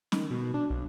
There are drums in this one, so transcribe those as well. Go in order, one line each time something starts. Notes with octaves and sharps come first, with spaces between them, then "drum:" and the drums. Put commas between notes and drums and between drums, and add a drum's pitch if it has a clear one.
D#3, drum: snare
B2
D4
B1